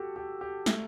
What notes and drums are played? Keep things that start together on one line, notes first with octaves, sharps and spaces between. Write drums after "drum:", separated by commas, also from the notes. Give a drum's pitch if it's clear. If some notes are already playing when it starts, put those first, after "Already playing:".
Already playing: F#4 G4 A4
G4
G4
A3, drum: snare